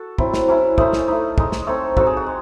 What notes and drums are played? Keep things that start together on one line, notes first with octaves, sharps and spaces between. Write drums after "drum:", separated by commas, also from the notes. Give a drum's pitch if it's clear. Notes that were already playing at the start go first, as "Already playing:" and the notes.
Already playing: F#4 A4
F#3 C4 E4, drum: kick
drum: snare
F#3 C#4 E4
A3 C#4 E4 C5 D#5, drum: kick
drum: snare
A3 D#4
G#3 D#4, drum: kick
drum: snare
A3 C4 D#4 A4 C#5
F#3 C4 D#4 F#4 A4, drum: kick
G#4
F#4
G#3